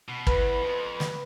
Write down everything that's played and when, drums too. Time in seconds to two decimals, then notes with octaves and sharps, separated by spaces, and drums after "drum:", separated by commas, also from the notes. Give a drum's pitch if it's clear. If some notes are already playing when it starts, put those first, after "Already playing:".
0.09 B2
0.27 E2 B4, drum: kick
0.63 F2
1.00 drum: snare